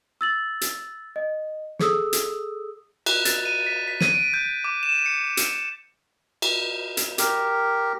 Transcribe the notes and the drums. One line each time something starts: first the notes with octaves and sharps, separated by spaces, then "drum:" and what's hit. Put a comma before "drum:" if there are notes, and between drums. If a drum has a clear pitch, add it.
E6 A6 F#7
drum: hi-hat
D#5
G#4 A4 D#6 E6, drum: snare
drum: hi-hat
F#6, drum: cymbal
A6, drum: hi-hat
D#7
B6
B6
D#7, drum: snare
D7
G6
D6
E7
C#7
C#7, drum: hi-hat
drum: cymbal
drum: hi-hat
G4 A#4, drum: hi-hat